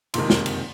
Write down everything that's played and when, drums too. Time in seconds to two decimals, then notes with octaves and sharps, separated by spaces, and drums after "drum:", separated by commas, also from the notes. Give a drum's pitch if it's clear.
0.14 F#1 F2 C3 D#3 G#3 C6, drum: cymbal
0.30 drum: snare
0.46 drum: cymbal